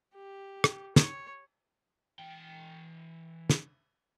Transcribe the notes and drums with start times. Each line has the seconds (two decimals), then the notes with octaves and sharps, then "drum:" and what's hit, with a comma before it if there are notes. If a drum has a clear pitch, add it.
0.15 G4
0.64 drum: rim click
0.96 C#5, drum: snare
2.19 E3 G5
3.50 drum: snare